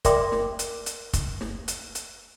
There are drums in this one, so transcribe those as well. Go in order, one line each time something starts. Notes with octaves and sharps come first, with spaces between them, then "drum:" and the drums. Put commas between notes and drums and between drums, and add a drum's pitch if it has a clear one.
A#4 D5 E5 G5 C6 D6, drum: kick, hi-hat
drum: snare
drum: hi-hat
drum: hi-hat
drum: kick, hi-hat
drum: snare
drum: hi-hat
drum: hi-hat